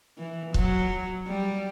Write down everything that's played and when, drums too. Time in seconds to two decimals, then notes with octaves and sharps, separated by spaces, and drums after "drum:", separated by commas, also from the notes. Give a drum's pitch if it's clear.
0.18 E3
0.54 F#3, drum: kick C#1
1.27 G3